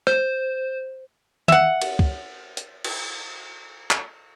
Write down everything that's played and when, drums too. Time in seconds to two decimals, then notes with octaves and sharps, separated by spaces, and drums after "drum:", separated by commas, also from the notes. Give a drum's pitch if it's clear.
0.07 C5, drum: rim click
1.48 E5 F#5, drum: tom D#3
1.82 drum: cymbal
1.99 drum: kick
2.57 drum: hi-hat
2.84 drum: cymbal
3.91 drum: clap